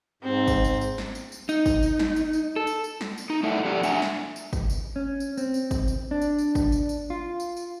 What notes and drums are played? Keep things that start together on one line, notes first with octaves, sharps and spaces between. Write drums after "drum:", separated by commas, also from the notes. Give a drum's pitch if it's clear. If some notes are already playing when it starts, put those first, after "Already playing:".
G#2 C4
drum: kick, tambourine
drum: tambourine
drum: tambourine
drum: snare
drum: tambourine
drum: tambourine
D#4, drum: tambourine
drum: kick, tambourine
drum: tambourine
drum: snare
drum: tambourine
drum: tambourine
A4
drum: tambourine
drum: tambourine
drum: snare
drum: tambourine
D#4
A3 E4 A4 D5 E5 F#5
F2 G4 A4 D5 F#5
D4 D5 E5 F#5 G#5, drum: tambourine
drum: snare
drum: tambourine
drum: kick, tambourine
drum: tambourine
C#4
drum: tambourine
C4, drum: tambourine
drum: tambourine
drum: kick, tambourine
drum: tambourine
D4
drum: tambourine
drum: tambourine
drum: kick, tambourine
drum: tambourine
drum: tambourine
F4
drum: tambourine
drum: tambourine